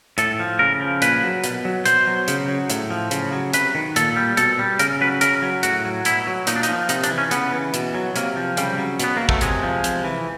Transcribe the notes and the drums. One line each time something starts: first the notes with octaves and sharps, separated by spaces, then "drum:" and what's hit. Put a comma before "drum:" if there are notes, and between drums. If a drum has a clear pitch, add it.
A2 A4, drum: hi-hat
F3
C#3 A#4
F3
A#2 B4, drum: hi-hat
F#3
B2, drum: hi-hat
F#3
B2 C5, drum: hi-hat
F#3
C#3, drum: hi-hat
F#3
A2, drum: hi-hat
F3
C#3, drum: hi-hat
F#3
C3 B4, drum: hi-hat
D#3
A#2 A4, drum: hi-hat
G3
B2 A4, drum: hi-hat
G3
C#3 A#4, drum: hi-hat
F#3 B4
C#3 A#4, drum: hi-hat
F#3
A2 F#4, drum: hi-hat
F#3
B2 E4, drum: hi-hat
F#3
A#2 D#4, drum: hi-hat
D4
D#4, drum: hi-hat
F3
C3 D#4, drum: hi-hat
D4, drum: hi-hat
E3
C#4
C#3 B3, drum: hi-hat
E3
B2, drum: hi-hat
F#3
C3 A#3, drum: hi-hat
F3
C#3 G3, drum: hi-hat
F#3
B2 B3, drum: hi-hat
F#3 A#3
A3, drum: kick
C3 G#3, drum: hi-hat
F3
C3, drum: hi-hat
E3